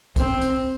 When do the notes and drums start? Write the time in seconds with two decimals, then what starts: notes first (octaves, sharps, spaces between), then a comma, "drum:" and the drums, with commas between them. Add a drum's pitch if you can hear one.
0.16 C4, drum: kick C2, hi-hat
0.41 drum: hi-hat